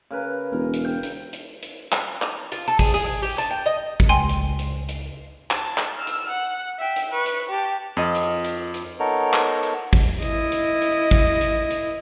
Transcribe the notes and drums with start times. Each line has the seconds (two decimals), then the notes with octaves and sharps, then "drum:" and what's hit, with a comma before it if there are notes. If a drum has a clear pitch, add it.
0.11 C#3 A#4 B4
0.53 E1 A#4
0.74 drum: hi-hat
0.85 G5
1.03 drum: hi-hat
1.33 drum: hi-hat
1.63 drum: hi-hat
1.92 drum: clap
2.22 drum: clap
2.52 F4, drum: hi-hat
2.68 A4
2.79 G#4, drum: kick, open hi-hat
2.94 G#4
3.06 G#4
3.23 G4
3.38 A5, drum: hi-hat
3.50 G5
3.66 D#5
4.00 drum: kick, hi-hat
4.09 C#2 G5 G#5 C6
4.29 drum: hi-hat
4.59 drum: hi-hat
4.89 drum: hi-hat
5.51 A5, drum: clap
5.78 drum: clap
5.97 E6 F6
6.07 drum: hi-hat
6.29 F#5
6.78 E5 G5
6.96 drum: hi-hat
7.11 B4 C#6
7.26 drum: hi-hat
7.49 G4 A5
7.97 F2 F4 D#5
8.15 drum: hi-hat
8.44 drum: hi-hat
8.74 drum: hi-hat
8.99 B3 D#4 A4 A#4 C#5
9.33 drum: clap
9.63 drum: hi-hat
9.93 drum: kick, open hi-hat
10.22 E4 D#5, drum: hi-hat
10.52 drum: hi-hat
10.82 drum: hi-hat
11.11 drum: kick, hi-hat
11.41 drum: hi-hat
11.71 drum: hi-hat